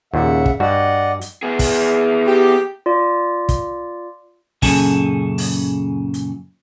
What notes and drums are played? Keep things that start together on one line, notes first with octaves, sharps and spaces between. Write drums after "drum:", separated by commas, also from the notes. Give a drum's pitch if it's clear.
D#2 A#2 C#3 E5 F#5
drum: kick
G2 F#4 D5 D#5 F#5
drum: hi-hat
B3 G#4
drum: kick, open hi-hat
G4
F4 D5
drum: kick, hi-hat
F#2 A#2 C#3 G#4 A4, drum: kick, open hi-hat
drum: open hi-hat
drum: hi-hat